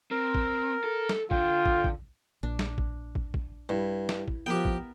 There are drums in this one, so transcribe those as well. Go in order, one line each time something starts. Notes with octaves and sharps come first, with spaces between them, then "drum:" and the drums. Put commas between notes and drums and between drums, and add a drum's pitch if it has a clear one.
C4 A#4
drum: kick
A4
drum: snare
D3 F4 G5, drum: kick
drum: kick
drum: kick
A#1 D4
drum: snare
drum: kick
drum: kick
drum: kick
G2 E4
drum: snare
drum: kick
F3 B3 G4 A#4 E5 G5
drum: kick